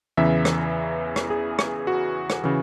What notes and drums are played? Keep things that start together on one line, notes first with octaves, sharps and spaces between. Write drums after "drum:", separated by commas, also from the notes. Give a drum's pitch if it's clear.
E2 C#3 E3 E5
drum: rim click
drum: rim click
G#4
drum: rim click
F#4
drum: rim click
C#3 E3